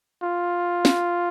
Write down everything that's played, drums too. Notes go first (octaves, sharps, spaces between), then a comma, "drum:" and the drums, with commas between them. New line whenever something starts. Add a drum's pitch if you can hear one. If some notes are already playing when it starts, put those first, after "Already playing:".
F4
drum: snare